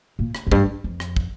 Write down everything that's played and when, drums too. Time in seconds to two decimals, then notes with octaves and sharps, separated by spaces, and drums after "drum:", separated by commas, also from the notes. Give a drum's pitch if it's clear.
0.19 A#2
0.35 drum: rim click
0.47 F2
0.51 G2, drum: kick
0.84 F2
1.00 drum: rim click
1.16 drum: kick